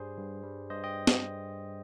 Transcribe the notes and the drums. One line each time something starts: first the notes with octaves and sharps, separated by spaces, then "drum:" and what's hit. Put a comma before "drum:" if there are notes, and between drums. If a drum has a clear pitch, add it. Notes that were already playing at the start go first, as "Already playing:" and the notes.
Already playing: G2 G3 G#4 C5
G2
G3
G2 C5 D#5
D#5 G5
drum: snare